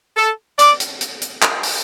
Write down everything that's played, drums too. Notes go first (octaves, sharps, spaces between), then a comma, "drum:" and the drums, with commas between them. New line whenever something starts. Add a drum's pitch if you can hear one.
A4
D5, drum: hi-hat
drum: hi-hat
drum: hi-hat
drum: hi-hat
drum: clap
drum: open hi-hat